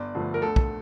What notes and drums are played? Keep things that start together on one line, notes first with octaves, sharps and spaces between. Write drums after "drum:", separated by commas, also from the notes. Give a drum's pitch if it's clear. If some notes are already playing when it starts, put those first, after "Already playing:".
Already playing: G1 D5
G2 D3 F3 A3
A#4
D2 A4
drum: kick